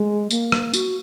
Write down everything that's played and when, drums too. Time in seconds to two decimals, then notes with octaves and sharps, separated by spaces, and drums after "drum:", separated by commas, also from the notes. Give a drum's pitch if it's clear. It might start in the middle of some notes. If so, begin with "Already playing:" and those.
Already playing: G#3
0.31 A#3, drum: tambourine
0.52 drum: rim click
0.74 F#4, drum: tambourine